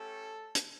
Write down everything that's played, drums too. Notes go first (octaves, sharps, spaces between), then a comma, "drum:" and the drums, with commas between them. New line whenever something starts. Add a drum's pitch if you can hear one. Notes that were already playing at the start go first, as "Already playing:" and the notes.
Already playing: A3 C#4 G4 A4
drum: hi-hat